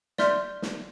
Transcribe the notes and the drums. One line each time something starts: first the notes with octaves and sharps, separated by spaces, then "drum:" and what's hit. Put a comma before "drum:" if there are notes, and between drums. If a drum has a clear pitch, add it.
D5 E5 C6 F6 G6 B6, drum: snare
drum: snare